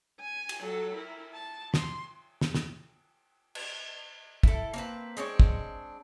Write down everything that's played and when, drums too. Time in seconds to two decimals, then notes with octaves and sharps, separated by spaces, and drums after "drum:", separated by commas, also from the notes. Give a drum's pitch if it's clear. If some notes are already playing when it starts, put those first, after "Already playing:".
0.20 G#5
0.49 drum: cymbal
0.61 F#3 A4
0.95 E4 A#4
1.34 A5
1.74 C6, drum: snare
2.41 drum: snare
2.54 drum: snare
3.55 drum: cymbal
4.43 E4 A4, drum: kick
4.74 A#3 C4 B4
5.17 G#3 C4 D4 C#5
5.40 drum: kick